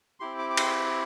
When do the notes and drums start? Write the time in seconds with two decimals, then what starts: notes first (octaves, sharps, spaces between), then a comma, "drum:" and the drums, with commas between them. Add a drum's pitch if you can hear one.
0.20 C4 E4 G4 C6
0.39 D6
0.50 D6
0.57 C6, drum: cymbal